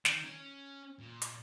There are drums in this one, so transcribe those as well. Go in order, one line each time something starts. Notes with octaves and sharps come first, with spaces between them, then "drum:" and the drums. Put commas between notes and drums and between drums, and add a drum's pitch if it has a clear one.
D#3, drum: snare
C#4
A#2
drum: hi-hat